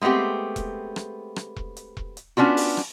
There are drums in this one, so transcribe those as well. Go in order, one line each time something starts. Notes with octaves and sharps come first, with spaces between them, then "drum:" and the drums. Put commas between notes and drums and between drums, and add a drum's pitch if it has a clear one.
G#3 A3 B3 C4 G4
drum: kick E1, hi-hat
drum: rim click
drum: rim click
drum: kick E1
drum: hi-hat
drum: kick E1
drum: hi-hat
B3 C#4 D4 F4 F#4
drum: open hi-hat
drum: rim click